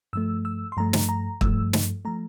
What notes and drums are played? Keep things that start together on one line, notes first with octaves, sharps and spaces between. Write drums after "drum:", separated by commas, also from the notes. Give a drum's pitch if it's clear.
G2 F3 A3 E6
E6
C6
G2 F3 A3 A#5
drum: snare
A#5
G2 F3 A3 E6, drum: kick
drum: snare
F3 A3 A#5